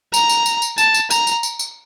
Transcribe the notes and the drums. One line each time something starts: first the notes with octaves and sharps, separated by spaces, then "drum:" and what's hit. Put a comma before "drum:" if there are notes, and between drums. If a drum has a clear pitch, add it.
A#5, drum: tambourine
drum: tambourine
drum: tambourine
drum: tambourine
A5, drum: tambourine
drum: tambourine
A#5, drum: tambourine
drum: tambourine
drum: tambourine
drum: tambourine